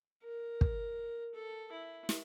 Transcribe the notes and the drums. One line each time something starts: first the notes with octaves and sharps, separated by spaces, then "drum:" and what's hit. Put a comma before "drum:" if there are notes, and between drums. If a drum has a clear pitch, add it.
A#4
drum: kick
A4
E4
drum: snare